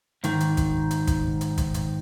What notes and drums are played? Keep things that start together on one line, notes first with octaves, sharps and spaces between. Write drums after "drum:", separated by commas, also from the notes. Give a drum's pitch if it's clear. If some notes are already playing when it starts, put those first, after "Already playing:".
G#2 D#3, drum: hi-hat
drum: hi-hat
drum: kick, hi-hat
drum: hi-hat
drum: kick, hi-hat
drum: hi-hat
drum: kick, hi-hat
drum: hi-hat